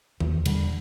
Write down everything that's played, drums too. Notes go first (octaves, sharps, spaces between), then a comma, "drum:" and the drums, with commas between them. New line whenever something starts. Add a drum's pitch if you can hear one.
E2, drum: tom D#3
D3 G3, drum: cymbal